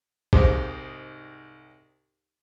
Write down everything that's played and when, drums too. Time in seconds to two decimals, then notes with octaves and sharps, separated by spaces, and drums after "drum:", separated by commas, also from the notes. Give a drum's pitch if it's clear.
0.33 C2 G#2 D#4 G4 C5, drum: kick A#1